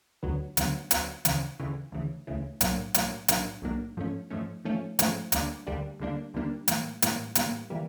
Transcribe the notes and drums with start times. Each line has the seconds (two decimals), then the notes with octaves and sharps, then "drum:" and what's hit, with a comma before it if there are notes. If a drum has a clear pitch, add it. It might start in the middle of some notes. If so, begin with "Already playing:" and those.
0.23 D2 D3 F#3 B3
0.57 D2 D3 F#3 B3, drum: hi-hat
0.91 D2 D3 F#3 B3, drum: hi-hat
1.25 D2 C#3 E3, drum: hi-hat
1.60 D2 C#3 E3
1.92 D2 C#3 E3
2.27 D2 C#3 E3
2.61 B1 A2 F#3 A#3 D4, drum: hi-hat
2.94 B1 A2 F#3 A#3 D4, drum: hi-hat
3.28 B1 A2 F#3 A#3 D4, drum: hi-hat
3.62 B1 A2 F#3 A#3 D4
3.97 G#2 F3 A3 C#4
4.30 G#2 F3 A3 C#4
4.65 G#2 F3 A3 C#4
4.99 G#2 F3 A3 C#4, drum: hi-hat
5.32 D2 D3 G3 A#3 D4, drum: hi-hat
5.67 D2 D3 G3 A#3 D4
6.00 D2 D3 G3 A#3 D4
6.34 D2 D3 G3 A#3 D4
6.68 A2 E3 G3 A#3, drum: hi-hat
7.02 A2 E3 G3 A#3, drum: hi-hat
7.35 A2 E3 G3 A#3, drum: hi-hat
7.70 E3 G3 A#3